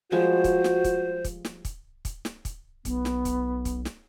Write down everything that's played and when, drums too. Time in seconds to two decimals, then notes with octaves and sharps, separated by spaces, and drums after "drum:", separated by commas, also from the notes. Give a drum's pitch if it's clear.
0.12 F3 G3 G#3 F#4 C5
0.44 drum: kick, hi-hat
0.64 drum: snare
0.84 drum: kick, hi-hat
1.25 drum: kick, hi-hat
1.45 drum: snare
1.65 drum: kick, hi-hat
2.05 drum: kick, hi-hat
2.25 drum: snare
2.45 drum: kick, hi-hat
2.85 B1 B3, drum: kick, hi-hat
3.05 drum: snare
3.25 drum: kick, hi-hat
3.65 drum: kick, hi-hat
3.85 drum: snare